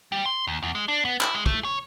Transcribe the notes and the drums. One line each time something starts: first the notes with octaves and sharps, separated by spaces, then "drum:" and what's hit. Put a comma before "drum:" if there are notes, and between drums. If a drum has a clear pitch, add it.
G3
C6
D#2
E2
G#3
D4
B3
E4, drum: clap
G#3
A3, drum: kick
C#5